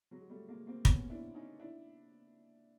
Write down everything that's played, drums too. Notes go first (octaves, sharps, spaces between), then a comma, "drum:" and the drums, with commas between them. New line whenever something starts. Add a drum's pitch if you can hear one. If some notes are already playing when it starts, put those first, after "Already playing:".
F#3 G#3
G#3
G3 A3
G#3 A#3
A#3 C4
B3 C#4, drum: kick
D4 E4
C#4 D#4
D4 E4